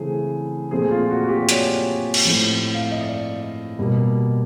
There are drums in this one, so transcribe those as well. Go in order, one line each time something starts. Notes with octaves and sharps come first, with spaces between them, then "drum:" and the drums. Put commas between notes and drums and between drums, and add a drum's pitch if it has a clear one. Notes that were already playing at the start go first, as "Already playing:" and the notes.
Already playing: C#3 E3 A3 C4 G#4
A#2 F3 A3 C4 G#4
F4
F#4
F#4
G4
D5
C#5, drum: hi-hat
drum: cymbal
A2 F3 A3 C4
F5
E5
D#5
D5
B2 G3 A#3